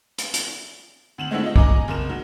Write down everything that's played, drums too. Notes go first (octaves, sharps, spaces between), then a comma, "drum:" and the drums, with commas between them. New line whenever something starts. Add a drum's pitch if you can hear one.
drum: hi-hat
drum: hi-hat
D2 E7 F#7
G#3 A3 C4 C#4 E4
F4 D#5
D#5 G#5 A#5 D6, drum: kick
F#1 A#4 E7
F#3